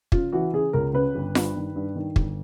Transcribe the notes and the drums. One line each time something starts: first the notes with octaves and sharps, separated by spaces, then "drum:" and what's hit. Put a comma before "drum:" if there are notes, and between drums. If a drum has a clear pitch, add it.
C#3 F4, drum: kick
E3 F#4
C#3 G#4
C#2 A#4
C#3 B4
G1
G2, drum: snare F4
D#3
G2
D#3
G1, drum: kick